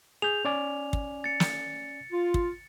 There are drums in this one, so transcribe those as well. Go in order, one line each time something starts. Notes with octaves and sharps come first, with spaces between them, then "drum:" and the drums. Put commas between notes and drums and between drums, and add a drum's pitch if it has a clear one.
G#4 G6 F7
C#4 D5 G#5
drum: kick
A6 C#7
drum: snare
F4
drum: kick